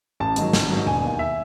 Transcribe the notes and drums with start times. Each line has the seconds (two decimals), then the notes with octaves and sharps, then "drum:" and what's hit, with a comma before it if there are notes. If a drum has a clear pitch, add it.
0.20 A1 A5
0.36 G#2 D#3 F#3, drum: hi-hat
0.53 A1, drum: snare
0.70 G#2 D#3 F#3
0.86 E1 G#5
1.03 D#2 D#3
1.19 E5